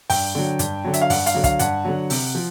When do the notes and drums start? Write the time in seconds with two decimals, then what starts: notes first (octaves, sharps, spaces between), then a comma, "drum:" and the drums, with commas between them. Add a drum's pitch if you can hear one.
0.10 G2 G5, drum: open hi-hat
0.35 D3 F#3
0.59 G2, drum: hi-hat
0.84 D3 F#3
0.94 E5, drum: hi-hat
1.02 F5
1.10 G2 F#5, drum: open hi-hat
1.26 F5, drum: hi-hat
1.34 D3 F#3
1.44 F5, drum: kick, hi-hat
1.59 G2 F#5, drum: hi-hat
1.85 D3 F#3
2.10 C3, drum: open hi-hat
2.35 F3